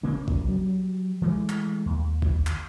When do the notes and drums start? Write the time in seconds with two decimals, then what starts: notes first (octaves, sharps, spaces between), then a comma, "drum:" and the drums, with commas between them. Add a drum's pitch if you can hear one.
0.03 C#3 A#3 C#4
0.28 drum: kick A1
0.48 F#3 G3
1.22 E3 G#3 A3
1.49 drum: clap
1.86 D#2
2.22 drum: kick A1
2.47 drum: clap